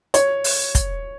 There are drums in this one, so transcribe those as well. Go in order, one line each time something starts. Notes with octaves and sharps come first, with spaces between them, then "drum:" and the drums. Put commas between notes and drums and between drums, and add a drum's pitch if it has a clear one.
C#5, drum: hi-hat
drum: open hi-hat
drum: kick, hi-hat